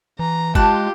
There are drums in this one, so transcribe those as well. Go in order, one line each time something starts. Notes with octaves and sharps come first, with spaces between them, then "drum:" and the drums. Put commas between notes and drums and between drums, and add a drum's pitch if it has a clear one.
E3 A#5
G#3 F4 G4 A5 F#6, drum: kick